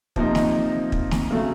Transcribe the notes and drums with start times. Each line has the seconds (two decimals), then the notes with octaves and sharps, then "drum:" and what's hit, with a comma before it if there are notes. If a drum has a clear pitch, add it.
0.16 C3 F3 A#3 D#4, drum: kick
0.35 drum: snare
0.92 drum: kick
1.11 drum: snare
1.30 C#3 F#3 A3